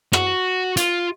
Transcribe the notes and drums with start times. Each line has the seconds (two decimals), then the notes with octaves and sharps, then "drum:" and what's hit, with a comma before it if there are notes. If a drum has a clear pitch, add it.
0.13 F#4, drum: rim click
0.77 F4, drum: hi-hat